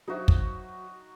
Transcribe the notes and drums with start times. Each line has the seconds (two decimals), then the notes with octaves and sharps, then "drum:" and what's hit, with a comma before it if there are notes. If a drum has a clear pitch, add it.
0.08 F#3 D#4 F#4 C5 E5
0.28 drum: kick